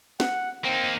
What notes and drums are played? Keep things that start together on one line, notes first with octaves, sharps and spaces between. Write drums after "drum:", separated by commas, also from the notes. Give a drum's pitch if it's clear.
F#5, drum: snare
A#3 C4 D#4